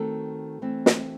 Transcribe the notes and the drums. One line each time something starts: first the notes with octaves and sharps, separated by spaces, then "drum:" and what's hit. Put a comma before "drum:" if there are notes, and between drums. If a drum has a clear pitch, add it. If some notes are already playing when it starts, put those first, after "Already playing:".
Already playing: D#3 A3 C4 F#4 A4
E3 A3 C4
drum: snare